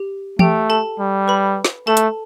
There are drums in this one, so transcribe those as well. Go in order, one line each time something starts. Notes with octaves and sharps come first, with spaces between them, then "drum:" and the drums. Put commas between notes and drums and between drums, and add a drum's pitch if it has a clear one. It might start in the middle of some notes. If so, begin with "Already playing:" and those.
Already playing: G4
A3 G4 G5, drum: tom E3
A4 A5
G3
B4 B5
drum: snare
A3 A4 A5
drum: hi-hat